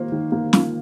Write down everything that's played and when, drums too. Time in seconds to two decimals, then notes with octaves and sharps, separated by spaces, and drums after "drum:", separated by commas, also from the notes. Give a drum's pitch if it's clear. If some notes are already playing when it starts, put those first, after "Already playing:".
Already playing: D#3 A#3 F4 C5
0.12 D#3
0.32 A#3
0.53 F4, drum: snare